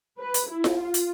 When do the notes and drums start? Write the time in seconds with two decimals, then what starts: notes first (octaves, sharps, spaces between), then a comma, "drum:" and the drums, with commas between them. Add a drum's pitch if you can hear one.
0.19 B4
0.34 drum: hi-hat
0.49 E4
0.64 drum: snare F4
0.79 F4
0.94 drum: hi-hat